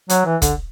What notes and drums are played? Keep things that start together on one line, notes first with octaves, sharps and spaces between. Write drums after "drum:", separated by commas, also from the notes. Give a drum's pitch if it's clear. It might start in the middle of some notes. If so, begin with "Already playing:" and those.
F#3, drum: hi-hat
E3
D3, drum: kick, hi-hat